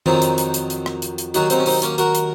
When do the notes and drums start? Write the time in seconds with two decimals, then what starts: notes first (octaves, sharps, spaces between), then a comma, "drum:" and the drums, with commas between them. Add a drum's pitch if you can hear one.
0.06 F2 D#3 F#3 C4 D#4, drum: tom D#3
0.22 drum: hi-hat
0.38 drum: hi-hat
0.54 drum: hi-hat
0.70 drum: hi-hat
0.86 drum: rim click
1.02 drum: hi-hat
1.18 drum: hi-hat
1.34 D#2 D#3 F#3 D#4 F#4, drum: hi-hat
1.50 C4 D#4, drum: hi-hat
1.59 C#4
1.66 C4 D#4, drum: open hi-hat
1.82 A#3 C#4, drum: hi-hat
1.98 F#4 A#4, drum: hi-hat
2.15 drum: hi-hat